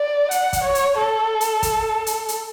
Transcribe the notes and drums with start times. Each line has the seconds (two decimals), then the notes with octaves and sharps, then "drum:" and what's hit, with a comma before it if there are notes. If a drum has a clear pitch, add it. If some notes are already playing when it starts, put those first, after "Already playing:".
Already playing: D5
0.31 F#5, drum: hi-hat
0.53 drum: kick, hi-hat
0.64 C#5
0.75 drum: hi-hat
0.97 A4
1.41 drum: hi-hat
1.63 drum: kick, hi-hat
2.06 drum: hi-hat
2.28 drum: hi-hat